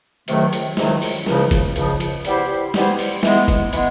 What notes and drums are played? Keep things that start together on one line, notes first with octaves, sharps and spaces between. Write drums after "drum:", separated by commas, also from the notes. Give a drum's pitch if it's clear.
C#2 C3 D#3 F#3 A3, drum: hi-hat
drum: hi-hat
C#2 C3 D#3 F#3 A3, drum: snare
drum: open hi-hat
C#2 C#3 F3, drum: snare
drum: kick, hi-hat
C#2 C#3 F3, drum: hi-hat
drum: hi-hat
G3 B3 E4 G4 C5, drum: hi-hat
G3 B3 E4 G4 C5, drum: snare
drum: open hi-hat
E3 G#3 B3, drum: snare
drum: kick, hi-hat
E3 G#3 B3, drum: hi-hat